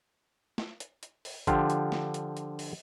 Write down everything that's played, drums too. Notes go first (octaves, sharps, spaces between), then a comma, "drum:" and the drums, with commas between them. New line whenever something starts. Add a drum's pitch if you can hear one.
drum: snare
drum: hi-hat
drum: hi-hat
drum: open hi-hat
D3 F3 F4 G4, drum: kick, hi-hat
drum: hi-hat
drum: snare
drum: hi-hat
drum: hi-hat
drum: open hi-hat